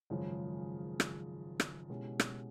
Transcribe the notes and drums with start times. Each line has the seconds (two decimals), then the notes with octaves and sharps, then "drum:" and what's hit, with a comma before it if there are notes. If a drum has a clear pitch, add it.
0.10 G#1 F#2 C#3 F3 G#3
1.00 drum: rim click
1.60 drum: rim click
1.89 B2 G#3 C#4 E4 G4
2.20 drum: rim click